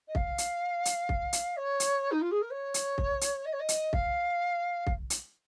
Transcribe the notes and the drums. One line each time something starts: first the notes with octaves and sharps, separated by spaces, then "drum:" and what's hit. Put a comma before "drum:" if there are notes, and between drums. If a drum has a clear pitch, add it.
D#5
F5, drum: kick
drum: hi-hat
drum: hi-hat
drum: kick
drum: hi-hat
C#5
drum: hi-hat
D#4
F4
G#4
A#4
C#5
drum: hi-hat
drum: kick
drum: hi-hat
D#5
C#5
D#5
drum: hi-hat
F5, drum: kick
drum: kick
drum: hi-hat